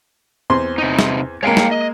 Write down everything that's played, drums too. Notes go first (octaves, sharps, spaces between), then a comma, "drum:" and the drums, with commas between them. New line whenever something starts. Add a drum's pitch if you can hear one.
E2 C4 C6
C3 D#4
drum: snare
G#3 A#3 C#5 F5 G5
drum: snare
D#5